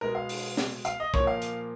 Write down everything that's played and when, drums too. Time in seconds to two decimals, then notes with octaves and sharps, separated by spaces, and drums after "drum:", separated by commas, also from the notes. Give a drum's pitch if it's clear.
0.01 B2 G#3 B3 A#4
0.15 F5
0.29 drum: open hi-hat
0.57 drum: snare
0.85 F5, drum: hi-hat
1.00 D#5
1.14 A#2 F3 A#3 C#5, drum: kick
1.27 F5
1.42 drum: hi-hat